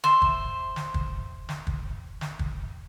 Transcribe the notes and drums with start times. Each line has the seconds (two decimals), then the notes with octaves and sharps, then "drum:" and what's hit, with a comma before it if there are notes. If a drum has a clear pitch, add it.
0.04 C5 E5, drum: snare
0.22 drum: kick
0.76 drum: snare
0.94 drum: kick
1.49 drum: snare
1.67 drum: kick
2.21 drum: snare
2.39 drum: kick